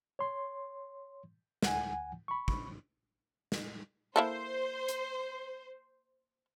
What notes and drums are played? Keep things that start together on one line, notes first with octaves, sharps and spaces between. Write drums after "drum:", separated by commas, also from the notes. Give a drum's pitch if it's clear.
C#5 C6
D2 F#5 G#5, drum: snare
B5 C#6
drum: kick
drum: snare
A#3 E4 A4 C5
drum: hi-hat